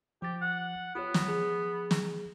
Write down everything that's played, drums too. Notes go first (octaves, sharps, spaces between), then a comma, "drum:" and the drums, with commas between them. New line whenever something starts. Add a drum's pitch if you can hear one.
F3 G4 A6
F#5
B3 F4 G4 C#5
drum: snare
F3 G#4
drum: snare